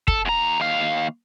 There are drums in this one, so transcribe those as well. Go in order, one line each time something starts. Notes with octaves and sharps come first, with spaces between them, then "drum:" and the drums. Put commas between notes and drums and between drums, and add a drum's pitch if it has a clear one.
A4, drum: kick
E2 A#5
D#2 F5